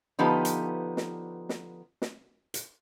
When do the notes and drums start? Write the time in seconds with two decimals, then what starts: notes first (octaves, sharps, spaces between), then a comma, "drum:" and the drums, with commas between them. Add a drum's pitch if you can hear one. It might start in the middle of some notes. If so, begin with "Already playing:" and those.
0.19 D3 F3 B3 D#4 G4 B4
0.45 drum: hi-hat
0.97 drum: snare
1.49 drum: snare
2.02 drum: snare
2.54 drum: hi-hat